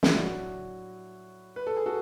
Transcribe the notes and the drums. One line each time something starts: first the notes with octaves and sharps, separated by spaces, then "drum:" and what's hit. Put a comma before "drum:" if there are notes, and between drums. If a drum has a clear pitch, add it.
E4, drum: snare
A2 F#3 D4 F#4
B4
A4
G#4
F#4 A4